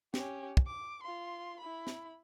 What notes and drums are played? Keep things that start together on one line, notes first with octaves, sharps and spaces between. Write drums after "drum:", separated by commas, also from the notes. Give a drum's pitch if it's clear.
C#4 G4, drum: snare
drum: kick
D6
F4 C6
E4 B5
drum: snare